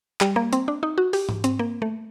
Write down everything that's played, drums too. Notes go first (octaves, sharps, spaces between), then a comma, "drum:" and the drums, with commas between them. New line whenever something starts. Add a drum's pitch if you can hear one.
G3, drum: clap
A#3
C4, drum: hi-hat
D4
D#4
F#4
G4, drum: open hi-hat
drum: tom G#2
C4, drum: hi-hat
A#3
A3